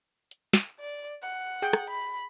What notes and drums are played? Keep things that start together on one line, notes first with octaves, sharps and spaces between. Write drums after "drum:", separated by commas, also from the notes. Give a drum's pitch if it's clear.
drum: hi-hat
drum: snare
D5
F#5
G#4 G5
drum: rim click
B5